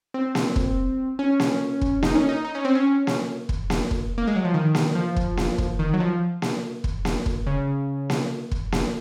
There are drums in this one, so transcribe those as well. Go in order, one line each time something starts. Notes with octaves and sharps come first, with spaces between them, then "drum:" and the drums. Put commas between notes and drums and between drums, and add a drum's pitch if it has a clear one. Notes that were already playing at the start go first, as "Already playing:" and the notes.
C4
drum: snare A#3
drum: kick
C#4
drum: snare A#3
drum: kick
D#4, drum: snare A#3
C#4
D#4
D#4
C#4
C4
C#4
drum: snare A#3
drum: kick
drum: snare A#3
drum: kick
A#3
G#3
F#3
F3
D#3
drum: snare A#3
F3
drum: kick
drum: snare A#3
drum: kick
D#3
F#3
F3
drum: snare A#3
drum: kick
drum: snare A#3
drum: kick
C#3
drum: snare A#3
drum: kick
drum: snare A#3